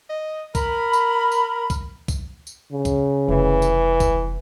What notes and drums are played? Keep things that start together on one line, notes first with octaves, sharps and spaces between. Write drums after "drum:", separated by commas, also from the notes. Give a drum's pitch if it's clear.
D#5
A#4 B5, drum: kick B1, tambourine
drum: tambourine
drum: tambourine
drum: kick B1, tambourine
drum: kick B1, tambourine
drum: tambourine
C#3
drum: kick B1, tambourine
F1 E3
drum: tambourine
drum: kick B1, tambourine